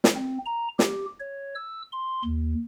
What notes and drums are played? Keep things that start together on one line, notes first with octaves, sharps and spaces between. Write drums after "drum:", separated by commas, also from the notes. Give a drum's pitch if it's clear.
drum: snare
C4
A#5
G4, drum: snare
C#5
E6
C6
D#2